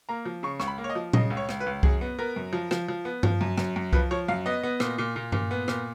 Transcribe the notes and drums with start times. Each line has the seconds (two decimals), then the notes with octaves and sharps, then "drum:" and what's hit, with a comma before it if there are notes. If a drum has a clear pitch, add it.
0.09 A#3 A#5
0.25 F3
0.43 C#3 C#6
0.60 C#2 C#6, drum: rim click
0.67 B5
0.78 A#3
0.84 C#5
0.90 D#5
0.95 F3
1.13 C#3 D#5, drum: tom A#2
1.30 C#2
1.37 C#5
1.49 C#2, drum: rim click
1.60 B4
1.66 C#2
1.83 F#2 G#4, drum: kick C2
2.01 B3
2.19 B3 A#4
2.36 F#2
2.53 F3
2.71 F3, drum: rim click
2.88 F3
3.05 B3
3.23 F3, drum: tom G2
3.41 F#2
3.58 F#2, drum: rim click
3.76 F#2
3.93 F3 B4, drum: kick C2
4.11 F3 C#5
4.28 F#2 F5
4.46 B3 D#5
4.63 B3
4.80 A#2, drum: rim click
4.98 A#2
5.16 A#2
5.32 A#2, drum: tom G2
5.51 B3
5.68 A#2, drum: rim click